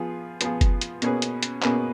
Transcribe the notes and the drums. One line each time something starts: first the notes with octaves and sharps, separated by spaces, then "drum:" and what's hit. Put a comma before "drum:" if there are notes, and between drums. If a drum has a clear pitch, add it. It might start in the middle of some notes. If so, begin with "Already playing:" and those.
Already playing: F3 B3 F4 G#4
F3 B3 F4 G#4, drum: hi-hat
drum: kick F#1, hi-hat
drum: hi-hat
B2 A#3 C#4 G#4 B4, drum: hi-hat
drum: hi-hat
drum: hi-hat
B2 A#3 C#4 G#4 B4, drum: clap